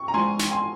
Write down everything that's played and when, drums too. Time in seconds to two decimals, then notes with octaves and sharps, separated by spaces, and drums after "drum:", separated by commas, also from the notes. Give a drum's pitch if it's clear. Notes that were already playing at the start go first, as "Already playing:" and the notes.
Already playing: C#6
0.08 A#5
0.14 G#2 F3 C4 G#5 C6
0.39 drum: snare
0.51 G#5 C6